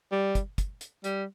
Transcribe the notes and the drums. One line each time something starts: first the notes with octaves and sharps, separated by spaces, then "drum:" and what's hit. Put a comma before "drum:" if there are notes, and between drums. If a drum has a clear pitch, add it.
G3
drum: kick, hi-hat
drum: kick, hi-hat
drum: hi-hat
G3, drum: hi-hat